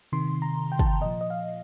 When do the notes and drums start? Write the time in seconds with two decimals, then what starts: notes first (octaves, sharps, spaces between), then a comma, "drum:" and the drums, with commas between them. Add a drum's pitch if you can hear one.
0.12 C3 D#3 C6
0.42 A#5
0.72 G5
0.79 A5, drum: kick
0.86 G5
1.01 A#2 F3 D#5
1.21 D#5
1.30 F5